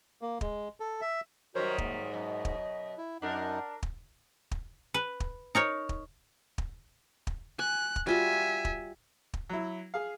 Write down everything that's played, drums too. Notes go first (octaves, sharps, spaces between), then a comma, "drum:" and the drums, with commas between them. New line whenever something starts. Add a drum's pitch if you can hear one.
A#3
G#3, drum: kick
A4
E5
F#2 D#3 G3 F#4 A#4 C5 C#5
G#2 A#3, drum: kick
F#2 B2 D#5
drum: kick
E4
F#2 D4 D#4 A#4 F#5
drum: kick
drum: kick
B4
drum: kick
D#4 A#4 C#5
drum: kick
drum: kick
drum: kick
G#5 F#6
drum: kick
G3 F4 F#4 E5 G#5
drum: kick
drum: kick
F#3 E4
G#4 F5